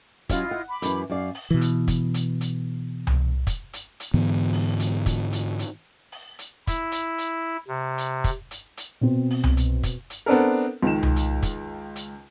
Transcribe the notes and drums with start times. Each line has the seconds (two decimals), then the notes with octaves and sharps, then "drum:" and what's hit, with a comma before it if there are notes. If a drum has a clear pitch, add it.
0.29 F#3 C#4 E4 F4 D#5 F5, drum: kick, hi-hat
0.51 F#5
0.68 B5 D6
0.82 F#2 E3, drum: hi-hat
1.10 F#2 D5 F5
1.35 drum: open hi-hat
1.51 B2 E3
1.61 drum: hi-hat
1.88 drum: kick, hi-hat
2.14 drum: hi-hat
2.41 drum: hi-hat
3.07 drum: tom C2
3.47 drum: kick, hi-hat
3.73 drum: hi-hat
4.00 drum: hi-hat
4.14 G#2 D3 E3 B3
4.53 drum: open hi-hat
4.79 drum: hi-hat
5.06 drum: kick, hi-hat
5.33 drum: hi-hat
5.59 drum: hi-hat
6.12 drum: open hi-hat
6.39 drum: hi-hat
6.67 E4, drum: kick, hi-hat
6.92 drum: hi-hat
7.18 drum: hi-hat
7.68 C3
7.98 drum: hi-hat
8.24 drum: kick, hi-hat
8.51 drum: hi-hat
8.77 drum: hi-hat
9.01 B2 C4
9.30 drum: open hi-hat
9.44 drum: tom C2
9.57 drum: hi-hat
9.83 drum: kick, hi-hat
10.10 drum: hi-hat
10.26 B3 C4 D4 A4 A#4
10.82 C#2 D#3 E7
11.03 drum: tom C2
11.16 drum: hi-hat
11.43 drum: kick, hi-hat
11.96 drum: hi-hat